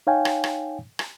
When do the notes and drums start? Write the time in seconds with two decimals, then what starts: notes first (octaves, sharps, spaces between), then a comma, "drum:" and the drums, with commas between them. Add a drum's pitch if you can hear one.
0.07 D#4 C#5 F5 G5 G#5
0.25 drum: rim click
0.44 drum: rim click
0.99 drum: rim click